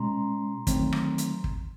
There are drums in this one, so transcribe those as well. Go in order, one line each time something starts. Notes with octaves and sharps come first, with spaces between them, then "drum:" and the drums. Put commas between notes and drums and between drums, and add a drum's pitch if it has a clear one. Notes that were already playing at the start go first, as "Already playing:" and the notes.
Already playing: B2 G#3 C#4 A#5 C6
D#3 F#3 A3 C4, drum: kick, hi-hat
drum: rim click
drum: hi-hat
drum: kick